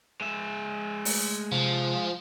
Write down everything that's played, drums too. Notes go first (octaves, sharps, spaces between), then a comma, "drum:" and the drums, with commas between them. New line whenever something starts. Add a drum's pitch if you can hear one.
G#3 E5
A3, drum: open hi-hat
C3 F3